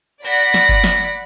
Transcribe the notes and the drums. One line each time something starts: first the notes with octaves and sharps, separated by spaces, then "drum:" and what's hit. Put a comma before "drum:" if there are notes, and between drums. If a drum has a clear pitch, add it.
D5 F#5 B5 A#6 B6, drum: cymbal
drum: snare
drum: kick G1
drum: snare